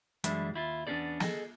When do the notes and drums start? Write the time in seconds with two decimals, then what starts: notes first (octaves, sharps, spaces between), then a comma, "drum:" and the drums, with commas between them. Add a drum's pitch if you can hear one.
0.24 F#2 E3 G3 G#3 D4 E4, drum: hi-hat
0.54 D#2 E4 F4
0.87 E2 B3 C#4 D4 A4 D5
1.20 G#4 A4 D#5, drum: snare